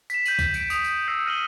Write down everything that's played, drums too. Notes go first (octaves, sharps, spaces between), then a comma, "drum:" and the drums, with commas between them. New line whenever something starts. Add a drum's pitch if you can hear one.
B6 E7, drum: tambourine
G6 D#7 F#7, drum: tambourine
drum: kick C2, tambourine
B6 C#7 D7, drum: tambourine
D#6 F7, drum: tambourine
drum: tambourine
E6 G6 A#6 C7 C#7
F6 A#6 D#7 F#7 G7